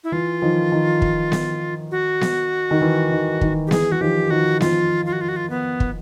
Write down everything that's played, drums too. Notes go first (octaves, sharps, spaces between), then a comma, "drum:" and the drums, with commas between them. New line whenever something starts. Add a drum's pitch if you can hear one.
E4
E3 F4
D#3 F3
D#3
drum: kick
drum: snare B3
F#4
drum: snare B3
D#3
E3
D#3
D#3, drum: kick
G4
E3 G#4, drum: snare B3
E3 F#4
D#3 F3 G4
D#3 F3 F#4
D#3 F3 F4, drum: snare B3
F4
F#4
F4
F#4
F4
B3
drum: kick